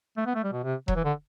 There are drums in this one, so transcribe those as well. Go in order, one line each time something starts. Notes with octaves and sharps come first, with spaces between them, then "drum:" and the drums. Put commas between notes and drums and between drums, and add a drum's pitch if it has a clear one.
A3
B3
A3
G3
B2
C3
F#3, drum: kick E1
E3
D3